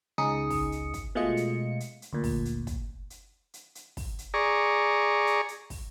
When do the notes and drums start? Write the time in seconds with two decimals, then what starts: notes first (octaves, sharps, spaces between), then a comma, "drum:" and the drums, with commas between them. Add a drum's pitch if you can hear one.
0.18 C#2 C#3 D#4 G#4 D#6 C#7
0.50 drum: kick, open hi-hat
0.72 drum: hi-hat
0.94 drum: kick, hi-hat
1.15 B2 G#3 A3 F4 D#5 C#7
1.37 drum: hi-hat
1.80 drum: hi-hat
2.02 drum: hi-hat
2.13 D2 A#2
2.24 drum: kick, open hi-hat
2.45 drum: hi-hat
2.67 drum: kick, hi-hat
3.10 drum: hi-hat
3.54 drum: hi-hat
3.75 drum: hi-hat
3.97 drum: kick, open hi-hat
4.19 drum: hi-hat
4.34 G#4 D5 A#5 C#6
5.27 drum: hi-hat
5.48 drum: hi-hat
5.70 drum: kick, open hi-hat